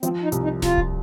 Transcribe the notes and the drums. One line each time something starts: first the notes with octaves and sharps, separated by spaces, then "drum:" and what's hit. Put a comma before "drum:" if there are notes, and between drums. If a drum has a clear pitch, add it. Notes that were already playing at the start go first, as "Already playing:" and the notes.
F3 C4, drum: hi-hat
D#4
C2, drum: hi-hat
D#4
C2 F4, drum: snare D1
drum: kick D1